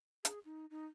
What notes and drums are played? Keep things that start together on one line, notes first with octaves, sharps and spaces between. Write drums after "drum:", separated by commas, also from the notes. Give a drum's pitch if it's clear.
G#4, drum: hi-hat
D#4
D#4